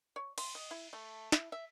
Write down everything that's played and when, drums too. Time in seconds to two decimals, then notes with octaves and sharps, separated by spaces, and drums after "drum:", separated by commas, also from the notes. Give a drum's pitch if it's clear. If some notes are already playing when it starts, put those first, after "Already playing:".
0.16 C#5
0.38 C6, drum: cymbal
0.55 D#5
0.71 E4
0.93 A3
1.32 E4, drum: snare
1.52 E5